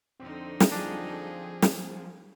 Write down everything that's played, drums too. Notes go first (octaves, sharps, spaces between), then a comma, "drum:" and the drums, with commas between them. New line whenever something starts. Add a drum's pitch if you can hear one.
F2 D3 C4 D#4
drum: snare
F3 C4 D4 G#4
drum: snare